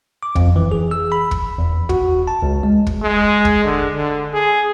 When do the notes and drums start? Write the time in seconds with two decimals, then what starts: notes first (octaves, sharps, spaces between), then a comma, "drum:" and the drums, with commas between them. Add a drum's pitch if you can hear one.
0.23 D6
0.35 F2, drum: kick
0.56 E3
0.72 G#4
0.91 E6
1.12 B5
1.31 drum: kick
1.58 E2
1.89 F#4, drum: kick
2.27 A5
2.42 C#2
2.63 G#3
2.87 drum: kick
3.02 G#3
3.45 drum: kick
3.64 D3
3.95 D3
4.33 G#4